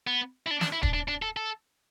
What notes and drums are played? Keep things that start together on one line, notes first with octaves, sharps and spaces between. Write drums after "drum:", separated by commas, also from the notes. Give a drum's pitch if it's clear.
B3
E4
D4
D4, drum: snare
E4
D4, drum: kick
D4
D4
A4
A4